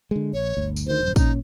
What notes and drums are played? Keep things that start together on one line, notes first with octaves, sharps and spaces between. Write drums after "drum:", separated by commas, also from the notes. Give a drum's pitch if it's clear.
D3 G#3
A#1 C#5
G1 D2
drum: tambourine
D2 D#3 C5
D#1 F#2
A#2 G#3 C#4 D#4, drum: kick, tambourine